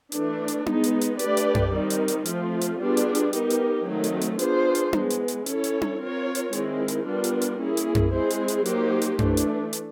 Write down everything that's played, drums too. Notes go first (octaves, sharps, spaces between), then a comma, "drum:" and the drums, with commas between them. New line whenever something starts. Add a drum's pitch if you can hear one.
E3 A3 D4, drum: hi-hat
drum: hi-hat
G#3 B3 D#4, drum: tom D4
drum: hi-hat
drum: hi-hat
A3 D4 G4 B4 D5, drum: hi-hat
drum: hi-hat
drum: tom F#2
D#3 G3 C4 D#4
drum: hi-hat
drum: hi-hat
F3 A3 C4 F4, drum: hi-hat
drum: hi-hat
G3 B3 D4 F4 G#4
drum: hi-hat
drum: hi-hat
B3 D#4 G4 A#4, drum: hi-hat
drum: hi-hat
D#3 F#3 A3 C4 D#4
drum: hi-hat
drum: hi-hat
B3 D4 F4 G#4 C5, drum: hi-hat
drum: hi-hat
E3 G#3 B3, drum: tom D4
drum: hi-hat
drum: hi-hat
C#4 E4 A4 C#5, drum: hi-hat
drum: hi-hat
drum: tom D4
C4 F4 A#4 C#5
drum: hi-hat
D#3 G#3 C4 E4, drum: hi-hat
drum: hi-hat
G3 B3 D4 F4 A#4
drum: hi-hat
drum: hi-hat
A#3 C#4 E4 G#4
drum: hi-hat
drum: tom F#2
G#3 C4 E4 G#4 C5
drum: hi-hat
drum: hi-hat
F#3 A#3 D#4 G4 C5, drum: hi-hat
drum: hi-hat
E3 A3 D4, drum: tom F#2
drum: hi-hat
drum: hi-hat